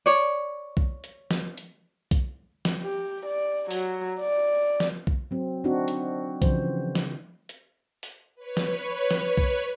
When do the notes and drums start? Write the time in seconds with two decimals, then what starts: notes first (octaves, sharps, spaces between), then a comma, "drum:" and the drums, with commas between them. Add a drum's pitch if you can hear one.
0.06 C#5 D5
0.77 drum: kick B1
1.04 drum: hi-hat
1.31 drum: snare
1.57 drum: hi-hat
2.11 drum: kick B1, hi-hat
2.65 drum: snare
2.82 G4
3.26 D5
3.71 F#3, drum: open hi-hat
4.20 D5
4.80 drum: snare
5.07 drum: kick B1
5.31 F#3 C4
5.64 C4 D4 D#4 F#4
5.88 drum: hi-hat
6.42 C#3 E3 F3 C5, drum: kick B1, hi-hat
6.95 drum: snare
7.49 drum: hi-hat
8.03 drum: open hi-hat
8.35 B4 C#5
8.57 drum: snare
9.11 drum: snare
9.37 drum: kick B1